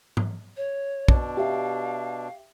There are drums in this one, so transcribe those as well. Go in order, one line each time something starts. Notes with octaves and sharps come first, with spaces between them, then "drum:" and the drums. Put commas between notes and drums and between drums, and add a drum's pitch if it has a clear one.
drum: tom G#2
C#5
B2 D4, drum: kick
G4 E5 F5